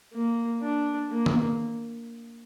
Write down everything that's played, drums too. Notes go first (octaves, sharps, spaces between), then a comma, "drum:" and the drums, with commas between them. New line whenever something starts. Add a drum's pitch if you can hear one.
A#3
D4
A#3
drum: tom D#3